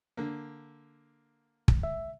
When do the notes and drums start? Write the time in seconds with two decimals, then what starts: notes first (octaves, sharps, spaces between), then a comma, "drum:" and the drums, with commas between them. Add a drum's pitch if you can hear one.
0.17 D3 A#3
1.68 drum: kick
1.83 E5